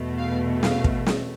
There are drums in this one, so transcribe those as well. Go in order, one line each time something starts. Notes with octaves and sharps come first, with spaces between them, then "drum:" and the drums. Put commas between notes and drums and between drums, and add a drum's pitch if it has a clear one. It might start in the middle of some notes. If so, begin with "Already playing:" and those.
Already playing: E2 B2 A3
F5
F5, drum: snare
drum: kick
drum: snare